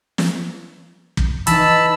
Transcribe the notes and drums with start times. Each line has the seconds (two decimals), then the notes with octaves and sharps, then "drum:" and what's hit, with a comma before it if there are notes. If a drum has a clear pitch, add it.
0.18 drum: snare
1.17 drum: kick
1.47 E3 D#4 A5 B5 E6, drum: hi-hat